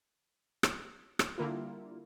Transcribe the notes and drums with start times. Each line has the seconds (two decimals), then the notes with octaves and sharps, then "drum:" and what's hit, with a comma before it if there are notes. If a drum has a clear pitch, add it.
0.63 drum: rim click
1.19 drum: rim click
1.38 D3 G3 A#3 E4 F4